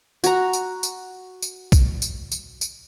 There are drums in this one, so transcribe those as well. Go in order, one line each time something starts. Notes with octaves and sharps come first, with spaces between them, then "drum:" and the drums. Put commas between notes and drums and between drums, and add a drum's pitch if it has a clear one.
F#4 A#5, drum: tambourine
drum: tambourine
drum: tambourine
drum: tambourine
drum: kick B1, tambourine
drum: tambourine
drum: tambourine
drum: tambourine